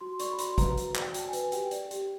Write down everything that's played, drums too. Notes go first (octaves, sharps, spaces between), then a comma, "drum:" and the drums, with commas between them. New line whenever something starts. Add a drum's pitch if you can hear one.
F#4 C6
D5 C#6, drum: hi-hat
B5
F#4 C6, drum: hi-hat
B4 A#5, drum: kick, hi-hat
F#4, drum: hi-hat
D5, drum: clap
G5
F#4, drum: hi-hat
A5
G#5
B4, drum: hi-hat
G4 G5, drum: hi-hat
D5, drum: hi-hat
G4, drum: hi-hat